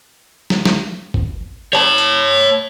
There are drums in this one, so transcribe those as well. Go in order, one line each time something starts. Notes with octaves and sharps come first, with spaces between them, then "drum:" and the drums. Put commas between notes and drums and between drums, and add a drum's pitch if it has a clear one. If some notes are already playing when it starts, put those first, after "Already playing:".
drum: snare
drum: snare
drum: kick
C#5 A5
drum: hi-hat